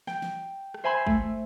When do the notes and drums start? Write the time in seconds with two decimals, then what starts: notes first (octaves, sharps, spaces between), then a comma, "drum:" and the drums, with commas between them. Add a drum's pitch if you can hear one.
0.07 G5, drum: snare
0.22 drum: snare
0.74 drum: rim click
0.84 C5 E5 G#5 B5 C6
1.07 A3, drum: kick